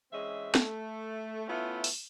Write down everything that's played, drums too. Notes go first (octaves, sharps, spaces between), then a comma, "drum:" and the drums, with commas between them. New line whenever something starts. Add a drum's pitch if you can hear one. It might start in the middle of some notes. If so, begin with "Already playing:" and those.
E3 G#3 C4 C#4 D#5 E5
A3, drum: snare
A3 B3 C#4 E4 F4
drum: open hi-hat